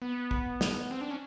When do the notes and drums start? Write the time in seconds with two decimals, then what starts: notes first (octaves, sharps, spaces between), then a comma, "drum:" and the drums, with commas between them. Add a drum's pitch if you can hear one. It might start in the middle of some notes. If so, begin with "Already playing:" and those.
0.02 B3
0.31 drum: kick
0.61 drum: snare
0.91 C4
1.01 D4
1.11 C#4